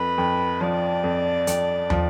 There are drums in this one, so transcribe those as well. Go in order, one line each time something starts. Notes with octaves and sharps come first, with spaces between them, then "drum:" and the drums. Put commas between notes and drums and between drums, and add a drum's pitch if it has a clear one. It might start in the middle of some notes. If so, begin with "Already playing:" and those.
Already playing: F2 B4
F2
F3 D5
F2
F2, drum: hi-hat
F3, drum: tom